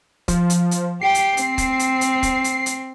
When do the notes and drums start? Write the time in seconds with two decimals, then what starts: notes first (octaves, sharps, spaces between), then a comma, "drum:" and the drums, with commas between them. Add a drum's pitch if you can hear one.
0.28 F3, drum: kick, hi-hat
0.50 drum: hi-hat
0.71 drum: hi-hat
1.01 G4 G5 C7
1.15 drum: hi-hat
1.37 C4, drum: hi-hat
1.58 drum: kick, hi-hat
1.79 drum: hi-hat
2.01 drum: hi-hat
2.23 drum: kick, hi-hat
2.44 drum: hi-hat
2.66 drum: hi-hat